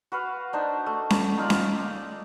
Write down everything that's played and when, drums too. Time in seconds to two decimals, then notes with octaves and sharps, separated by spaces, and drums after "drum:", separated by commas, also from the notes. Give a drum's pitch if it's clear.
0.12 F#4 B4 F5
0.53 D4 D#4 C5
0.86 A3
1.10 drum: snare C#4
1.37 D#4 F4 D5
1.50 drum: snare C#4